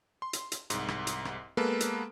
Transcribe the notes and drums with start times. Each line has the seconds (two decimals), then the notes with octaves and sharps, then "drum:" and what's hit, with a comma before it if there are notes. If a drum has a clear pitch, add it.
0.22 C6
0.33 drum: hi-hat
0.52 drum: hi-hat
0.70 C2 G#2, drum: hi-hat
0.88 drum: rim click
1.07 drum: hi-hat
1.25 drum: rim click
1.57 G#3 A#3 B3 A4 B4
1.80 drum: hi-hat